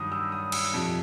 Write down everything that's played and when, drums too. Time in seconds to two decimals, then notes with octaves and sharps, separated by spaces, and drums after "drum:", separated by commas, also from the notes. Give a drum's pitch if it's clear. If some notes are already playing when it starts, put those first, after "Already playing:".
Already playing: G2 D#3 F#3 D#6
0.12 E6
0.32 D#6
0.52 E6, drum: cymbal
0.73 F2 C3 F3